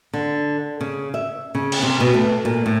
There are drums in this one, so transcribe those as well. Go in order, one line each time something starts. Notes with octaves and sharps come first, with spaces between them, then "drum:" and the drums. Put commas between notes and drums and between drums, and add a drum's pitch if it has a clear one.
D3
C#3
E5
C#3
drum: cymbal
C3
B2
A3
A#2
A2